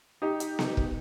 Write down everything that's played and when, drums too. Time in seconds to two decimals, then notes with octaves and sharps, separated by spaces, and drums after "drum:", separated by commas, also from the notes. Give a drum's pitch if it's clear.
0.22 D#4 G4
0.40 drum: hi-hat
0.59 drum: snare B3
0.77 drum: kick